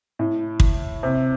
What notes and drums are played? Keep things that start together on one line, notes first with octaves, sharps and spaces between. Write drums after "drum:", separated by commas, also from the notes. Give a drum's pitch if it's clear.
A2
drum: kick
C3